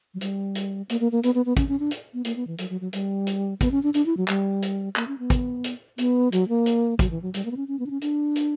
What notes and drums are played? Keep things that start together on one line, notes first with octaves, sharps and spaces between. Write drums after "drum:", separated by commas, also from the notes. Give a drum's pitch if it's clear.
F#3
G3, drum: hi-hat
drum: hi-hat
A#3, drum: hi-hat
A#3
A#3
B3, drum: hi-hat
B3
B3
C#4, drum: kick, hi-hat
C#4
D4
drum: hi-hat
B3
A#3, drum: hi-hat
B3
E3
F#3, drum: hi-hat
F#3
F#3
G3, drum: hi-hat
drum: hi-hat
B3, drum: kick, hi-hat
C#4
D4
D4, drum: hi-hat
E4
F#3
G3, drum: clap
drum: hi-hat
A#3, drum: clap
C#4
B3
drum: kick, hi-hat
drum: hi-hat
B3, drum: hi-hat
F#3, drum: hi-hat
A#3
drum: hi-hat
F#3, drum: kick, hi-hat
E3
F#3
G3, drum: hi-hat
A#3
B3
C#4
C#4
B3
D4
C#4
D4, drum: hi-hat
drum: hi-hat